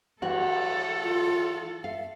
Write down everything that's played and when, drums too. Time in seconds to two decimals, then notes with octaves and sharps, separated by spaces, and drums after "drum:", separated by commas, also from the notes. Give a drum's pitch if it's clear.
0.22 E3 F#4 A4, drum: cymbal
0.59 F5
1.03 F4
1.84 E5 F5